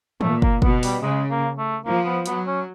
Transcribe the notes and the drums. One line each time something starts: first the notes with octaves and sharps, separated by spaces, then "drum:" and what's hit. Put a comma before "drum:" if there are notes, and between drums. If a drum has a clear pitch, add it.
A#2 A3, drum: tom D#3
A#3, drum: kick
B2 B3, drum: kick
G3, drum: open hi-hat
C#3 G#3
A#3
A3
F3 A#3
B3
F#3 B3, drum: hi-hat
C#4